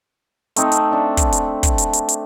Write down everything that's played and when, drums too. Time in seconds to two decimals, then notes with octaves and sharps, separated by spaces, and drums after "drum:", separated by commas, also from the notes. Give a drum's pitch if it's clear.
0.56 A3 C4 D#4 A4, drum: hi-hat
0.72 drum: hi-hat
0.91 D4 E5
1.17 drum: kick, hi-hat
1.32 drum: hi-hat
1.63 drum: kick, hi-hat
1.78 drum: hi-hat
1.93 drum: hi-hat
2.09 drum: hi-hat